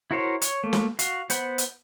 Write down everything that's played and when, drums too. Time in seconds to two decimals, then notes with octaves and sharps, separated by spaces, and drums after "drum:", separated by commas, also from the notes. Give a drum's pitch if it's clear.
0.11 E4 F#4 A#4 C5 C#5
0.42 C#5, drum: hi-hat
0.64 A3 A#3
0.73 drum: snare
0.99 F#4 F5, drum: hi-hat
1.30 B3 C5 F#5 B5, drum: hi-hat
1.58 drum: hi-hat